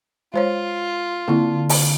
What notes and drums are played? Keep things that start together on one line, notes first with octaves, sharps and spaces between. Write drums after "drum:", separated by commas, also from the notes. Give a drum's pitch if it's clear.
G#3 F4 C5 C#5
D3 A#3 C4 E4
drum: open hi-hat